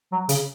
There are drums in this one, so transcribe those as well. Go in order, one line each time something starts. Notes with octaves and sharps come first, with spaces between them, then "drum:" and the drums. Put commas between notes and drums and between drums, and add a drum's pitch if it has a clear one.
F#3
C#3, drum: hi-hat